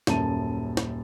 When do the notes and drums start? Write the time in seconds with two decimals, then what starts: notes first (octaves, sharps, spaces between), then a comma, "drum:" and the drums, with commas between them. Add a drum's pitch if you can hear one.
0.07 D#1 F#2 A5 D#7, drum: snare
0.77 drum: snare